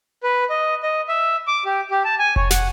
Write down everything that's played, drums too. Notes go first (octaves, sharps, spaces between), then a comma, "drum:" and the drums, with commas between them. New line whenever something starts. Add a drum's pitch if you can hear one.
B4
D#5
D#5
E5
D6
G4
G4
A5
G#5
C#5, drum: kick F1
F#5, drum: snare